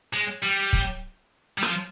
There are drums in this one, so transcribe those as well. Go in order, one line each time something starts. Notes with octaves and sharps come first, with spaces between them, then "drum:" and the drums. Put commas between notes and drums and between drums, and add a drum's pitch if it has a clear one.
G#3
G3
drum: kick
G3
F3, drum: rim click